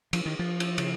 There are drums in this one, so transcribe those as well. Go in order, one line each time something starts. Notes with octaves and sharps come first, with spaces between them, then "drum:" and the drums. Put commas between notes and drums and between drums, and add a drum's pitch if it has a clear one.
F3, drum: cymbal
D#3
F3
drum: cymbal
C#3, drum: cymbal